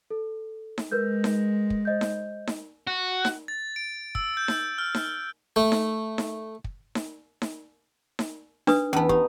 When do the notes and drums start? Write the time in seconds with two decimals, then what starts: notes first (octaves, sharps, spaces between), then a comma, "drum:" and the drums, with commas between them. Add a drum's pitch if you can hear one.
0.11 A4
0.78 drum: snare D#4
0.92 G#3 A#4 B4 G6
1.24 drum: snare D#4
1.70 drum: kick
1.85 C5 D#5 G6
2.01 drum: snare D#4
2.47 drum: snare D#4
2.87 F#4
3.25 drum: snare D#4
3.48 A6
3.76 D7
4.15 E6, drum: kick
4.37 G6
4.48 drum: snare D#4
4.78 F6
4.95 drum: snare D#4
5.56 A3
5.72 drum: snare D#4
6.18 drum: snare D#4
6.64 drum: kick
6.95 drum: snare D#4
7.42 drum: snare D#4
8.19 drum: snare D#4
8.67 D4 B4 D#6, drum: snare D#4
8.93 E2 B3 C#4 A5
9.09 D#4 G4, drum: kick